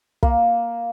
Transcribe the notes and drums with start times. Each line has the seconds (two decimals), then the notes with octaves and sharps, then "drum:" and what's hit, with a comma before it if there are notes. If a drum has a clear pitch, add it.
0.23 A#3, drum: kick